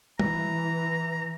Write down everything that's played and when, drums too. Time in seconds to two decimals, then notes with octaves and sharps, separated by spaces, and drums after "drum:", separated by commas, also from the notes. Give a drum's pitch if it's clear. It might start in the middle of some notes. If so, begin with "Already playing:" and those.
0.19 E3 A#5, drum: tom